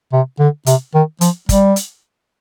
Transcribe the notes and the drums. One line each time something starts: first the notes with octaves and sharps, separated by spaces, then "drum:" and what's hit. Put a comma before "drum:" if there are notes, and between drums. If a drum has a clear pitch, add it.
C3
D3
C3, drum: hi-hat
D#3
F3, drum: hi-hat
G3, drum: kick, hi-hat
drum: hi-hat